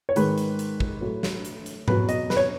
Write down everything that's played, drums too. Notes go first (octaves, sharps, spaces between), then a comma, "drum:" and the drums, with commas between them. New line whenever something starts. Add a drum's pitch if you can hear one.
C#5
G#2 D#3 G#3 B4, drum: hi-hat
drum: hi-hat
drum: hi-hat
drum: kick
A2 F#3
drum: snare
drum: hi-hat
drum: hi-hat
E2 B2 F#3 B4, drum: tom G#2
D#5, drum: hi-hat
B4, drum: snare
C#5